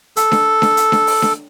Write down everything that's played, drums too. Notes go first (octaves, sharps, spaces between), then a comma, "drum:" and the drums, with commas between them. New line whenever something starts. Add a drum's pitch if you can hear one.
A4, drum: hi-hat
drum: snare D4
drum: snare D4
drum: hi-hat
drum: snare D4
drum: open hi-hat
drum: snare D4